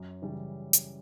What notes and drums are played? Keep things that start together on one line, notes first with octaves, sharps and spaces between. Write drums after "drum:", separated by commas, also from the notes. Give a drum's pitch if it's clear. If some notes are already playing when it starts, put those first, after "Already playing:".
Already playing: F#2
C#3 E3 G3
drum: hi-hat